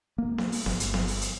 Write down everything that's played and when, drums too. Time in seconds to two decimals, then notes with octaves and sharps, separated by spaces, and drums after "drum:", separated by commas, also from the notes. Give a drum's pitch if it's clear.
0.18 A#3
0.38 drum: snare B3
0.52 drum: open hi-hat
0.66 G1, drum: snare B3
0.80 drum: hi-hat
0.94 drum: snare B3
1.08 drum: open hi-hat
1.21 drum: hi-hat